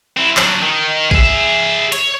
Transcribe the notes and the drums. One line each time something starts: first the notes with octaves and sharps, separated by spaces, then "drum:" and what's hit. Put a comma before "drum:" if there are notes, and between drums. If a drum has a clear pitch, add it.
C4 E4
F#3 D4, drum: clap
D#3
G#4 E5, drum: kick G#1
C#5, drum: hi-hat